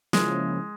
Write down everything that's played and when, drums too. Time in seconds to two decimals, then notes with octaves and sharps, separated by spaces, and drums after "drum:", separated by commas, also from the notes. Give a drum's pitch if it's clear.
0.13 C#3 F3 G#3 A#3 C#4 E4, drum: snare